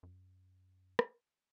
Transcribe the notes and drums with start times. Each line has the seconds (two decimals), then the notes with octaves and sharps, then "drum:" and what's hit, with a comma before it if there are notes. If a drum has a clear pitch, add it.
0.03 F#2
0.99 drum: rim click